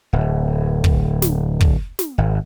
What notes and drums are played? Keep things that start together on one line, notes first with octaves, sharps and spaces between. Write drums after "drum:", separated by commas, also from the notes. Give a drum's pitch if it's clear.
D1
drum: kick
drum: snare
drum: kick
drum: snare
G#1